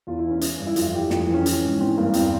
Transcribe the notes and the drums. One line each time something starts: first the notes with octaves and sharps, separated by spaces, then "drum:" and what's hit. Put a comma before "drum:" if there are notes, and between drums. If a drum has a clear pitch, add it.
E2 F4
E4
E3
C#4
E3 E4, drum: hi-hat
G2
E4
F2 F4, drum: hi-hat
E3 G4
F2 F4, drum: snare
E3
C#4
E3, drum: hi-hat
G#2
E3 C4
G2 A#3
E2 C4, drum: hi-hat